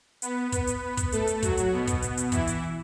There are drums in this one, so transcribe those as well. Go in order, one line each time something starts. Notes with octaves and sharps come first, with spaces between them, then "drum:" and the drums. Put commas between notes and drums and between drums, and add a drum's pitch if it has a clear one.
B3 B4, drum: hi-hat
B3 B4, drum: kick, hi-hat
drum: hi-hat
drum: kick, hi-hat
A3 A4, drum: hi-hat
drum: hi-hat
F#3 F#4, drum: kick, hi-hat
drum: hi-hat
B2 B3
drum: kick, hi-hat
drum: hi-hat
drum: hi-hat
E3 E4, drum: kick, hi-hat
drum: hi-hat